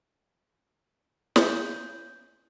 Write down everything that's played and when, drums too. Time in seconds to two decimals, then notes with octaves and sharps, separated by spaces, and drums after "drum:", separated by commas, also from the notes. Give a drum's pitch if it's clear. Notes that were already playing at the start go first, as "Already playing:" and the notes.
1.36 C#4 B4 G6, drum: snare